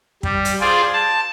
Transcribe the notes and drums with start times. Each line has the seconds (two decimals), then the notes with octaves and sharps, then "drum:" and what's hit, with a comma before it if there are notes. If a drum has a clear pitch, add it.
0.23 G3, drum: kick
0.45 drum: hi-hat
0.61 F4 G#4 C5 D5
0.93 A5